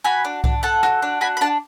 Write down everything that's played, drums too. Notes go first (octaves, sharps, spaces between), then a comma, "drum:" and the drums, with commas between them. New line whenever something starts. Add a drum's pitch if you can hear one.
F#4 G#5 B5
D4
D4, drum: kick C2
A4 F#5 A5
F#4, drum: rim click
D4
F#4 G#5 B5
B5
D4 F#5 A5